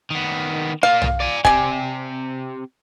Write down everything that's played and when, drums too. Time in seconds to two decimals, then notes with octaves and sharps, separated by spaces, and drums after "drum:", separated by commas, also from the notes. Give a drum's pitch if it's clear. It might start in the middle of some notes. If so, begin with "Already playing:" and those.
0.11 D#3 B3
0.83 A#3 F4 F5
1.02 drum: tom B1
1.20 D5 G#5
1.45 C4 G4 D5 G#5, drum: kick